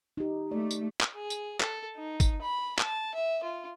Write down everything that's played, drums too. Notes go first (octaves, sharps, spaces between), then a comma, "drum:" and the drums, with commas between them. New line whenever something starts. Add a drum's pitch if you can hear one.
D#4 G4
A3 D5
drum: tambourine
drum: clap
G#4
drum: tambourine
A4, drum: clap
D#4
drum: kick, tambourine
B5
A5, drum: clap
E5
F4